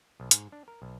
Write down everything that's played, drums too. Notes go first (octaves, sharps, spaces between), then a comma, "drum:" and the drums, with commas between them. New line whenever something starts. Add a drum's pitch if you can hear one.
B1
G#2, drum: hi-hat
D4
A#4
B1